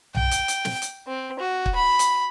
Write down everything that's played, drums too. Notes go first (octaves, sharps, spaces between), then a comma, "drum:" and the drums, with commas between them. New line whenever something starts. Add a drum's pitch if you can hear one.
G5, drum: tom B1
drum: hi-hat
drum: hi-hat
drum: snare
drum: hi-hat
C4
F#4
drum: kick
B5
drum: hi-hat